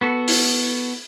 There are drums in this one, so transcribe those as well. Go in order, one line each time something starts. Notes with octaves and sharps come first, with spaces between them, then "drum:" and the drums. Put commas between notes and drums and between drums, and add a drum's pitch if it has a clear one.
B3 F#4 A4
drum: open hi-hat